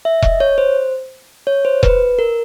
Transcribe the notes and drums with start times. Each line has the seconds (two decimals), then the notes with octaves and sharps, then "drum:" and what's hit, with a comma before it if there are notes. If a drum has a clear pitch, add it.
0.05 E5
0.22 D#5, drum: kick E1
0.40 C#5
0.58 C5
1.47 C#5
1.65 C5
1.83 B4, drum: kick E1
2.19 A#4